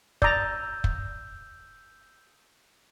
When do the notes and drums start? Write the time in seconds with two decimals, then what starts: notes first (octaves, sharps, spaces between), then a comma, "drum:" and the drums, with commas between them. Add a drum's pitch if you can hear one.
0.22 D5 A#5 D#6 E6 G6, drum: kick
0.84 drum: kick